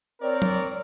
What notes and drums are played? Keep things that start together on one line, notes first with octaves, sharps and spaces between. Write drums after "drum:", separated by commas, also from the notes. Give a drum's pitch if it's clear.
C4 A#4 C#5 D5
drum: tom F#3